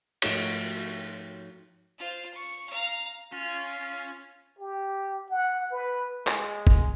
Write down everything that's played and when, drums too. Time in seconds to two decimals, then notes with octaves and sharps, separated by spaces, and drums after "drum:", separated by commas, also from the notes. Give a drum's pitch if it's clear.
0.22 G#2 F3 A3 D#4 F#4 C#5, drum: cymbal
1.99 F4 C5
2.35 C#6
2.69 F5 A#5
3.32 C#4 F4
4.59 G4
5.30 F#5
5.72 B4
6.27 G#3, drum: clap
6.67 drum: kick F#1